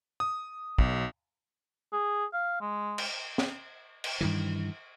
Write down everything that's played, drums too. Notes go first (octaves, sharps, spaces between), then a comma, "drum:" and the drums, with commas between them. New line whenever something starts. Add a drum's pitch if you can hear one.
D#6
B1, drum: kick
G#4
F5
G#3
drum: cymbal
drum: snare
drum: cymbal
G2 D#3 E3